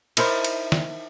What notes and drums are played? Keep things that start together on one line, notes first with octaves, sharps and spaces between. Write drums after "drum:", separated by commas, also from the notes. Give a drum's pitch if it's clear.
D#4 E4 A#4 C5, drum: cymbal
drum: cymbal
drum: snare